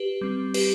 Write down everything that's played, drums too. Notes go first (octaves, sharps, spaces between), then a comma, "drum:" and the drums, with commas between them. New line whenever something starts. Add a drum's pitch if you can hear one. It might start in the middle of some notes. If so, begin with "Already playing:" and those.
Already playing: G4 B4
G3 C4
G4 B4, drum: cymbal